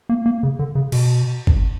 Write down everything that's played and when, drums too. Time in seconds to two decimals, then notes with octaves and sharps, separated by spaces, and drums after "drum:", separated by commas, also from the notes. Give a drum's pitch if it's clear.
0.09 A#3
0.26 A#3
0.43 C#3
0.59 D3
0.75 C#3
0.92 B2, drum: cymbal
1.47 drum: kick G1